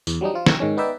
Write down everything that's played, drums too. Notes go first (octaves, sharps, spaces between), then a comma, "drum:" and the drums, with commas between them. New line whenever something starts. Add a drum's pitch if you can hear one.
E2, drum: tambourine
F#3 G3 D4 D#4
F3 F4
G5 A#5 C#6 E6 G#6, drum: snare
G#2 D#3 G#3 C#4
B3 D#4 B4 D5 E5 G5